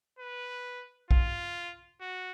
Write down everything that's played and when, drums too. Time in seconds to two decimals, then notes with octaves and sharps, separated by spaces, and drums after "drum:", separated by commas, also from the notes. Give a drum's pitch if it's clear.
0.19 B4
1.11 F4, drum: kick A#1
2.00 F#4